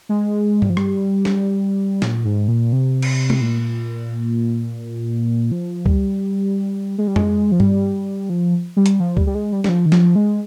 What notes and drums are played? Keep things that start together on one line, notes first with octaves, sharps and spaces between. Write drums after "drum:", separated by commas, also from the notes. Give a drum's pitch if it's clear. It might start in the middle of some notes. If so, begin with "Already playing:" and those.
G#3
G3, drum: tom G2
F3
G3, drum: rim click
drum: snare
A#2, drum: snare
G#2
A#2
C3
drum: cymbal
drum: tom G#3
A#2
F3
G3, drum: kick C#2
G#3
G3
G#3, drum: tom F2
F3
G3, drum: tom G2
F3
G3
drum: hi-hat
F3
G3, drum: kick C#2
G3
G#3
G3
G3, drum: snare
F3
D#3
F3, drum: snare
G#3